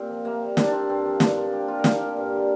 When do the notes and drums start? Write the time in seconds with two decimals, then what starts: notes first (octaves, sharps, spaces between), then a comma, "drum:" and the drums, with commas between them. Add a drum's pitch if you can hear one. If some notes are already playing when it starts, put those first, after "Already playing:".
Already playing: A#2 C4 G4
0.09 F3
0.25 C3 A#3
0.41 G3
0.57 C3 D4, drum: snare
0.67 D4
0.72 G3 C4
0.89 G2 C4
1.05 F3
1.20 G2 D4, drum: snare
1.37 F3
1.53 A#2 G4
1.68 G3 F4
1.79 A#4
1.84 A#2 G4, drum: snare
2.01 G3
2.17 G2
2.32 D3 G3